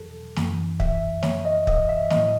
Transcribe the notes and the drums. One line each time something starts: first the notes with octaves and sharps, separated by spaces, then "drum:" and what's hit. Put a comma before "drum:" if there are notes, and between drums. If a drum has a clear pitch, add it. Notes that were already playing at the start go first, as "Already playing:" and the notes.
Already playing: E2 B2 F#3 A4
F#2 E3, drum: snare
E5, drum: kick
C#5, drum: snare
D#5
D#5, drum: kick
E5
A2 F#3 D#5, drum: snare